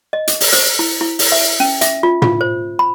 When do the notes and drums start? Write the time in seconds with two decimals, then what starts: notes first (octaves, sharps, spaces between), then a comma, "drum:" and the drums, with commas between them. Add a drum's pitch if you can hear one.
0.13 D#5
0.27 drum: hi-hat
0.41 drum: open hi-hat
0.53 C5, drum: hi-hat
0.79 E4
1.01 E4
1.19 drum: open hi-hat
1.32 E5
1.60 C#4
1.81 E5, drum: hi-hat
2.03 F4
2.22 F4, drum: tom
2.41 C5
2.79 B5